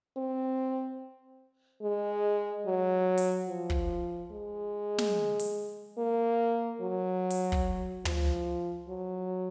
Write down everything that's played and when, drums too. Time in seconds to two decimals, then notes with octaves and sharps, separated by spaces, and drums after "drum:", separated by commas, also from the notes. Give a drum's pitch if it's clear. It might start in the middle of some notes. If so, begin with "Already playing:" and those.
0.17 C4
1.82 G#3
2.66 F#3
3.18 drum: open hi-hat
3.49 F3
3.70 drum: kick
4.32 G#3
4.98 drum: snare
5.39 drum: open hi-hat
5.98 A#3
6.81 F#3
7.30 drum: open hi-hat
7.52 drum: kick
8.05 F3, drum: tom
8.88 F#3